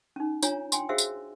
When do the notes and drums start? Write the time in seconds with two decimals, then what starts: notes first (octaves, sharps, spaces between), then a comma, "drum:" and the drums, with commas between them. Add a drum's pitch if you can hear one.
0.16 C#4 D#4
0.43 D4 F4 C#5 G#5 A#5, drum: tambourine
0.72 G5 G#5 C6, drum: tambourine
0.89 F#4 G#4 C5 E5 F5 E6
0.98 drum: tambourine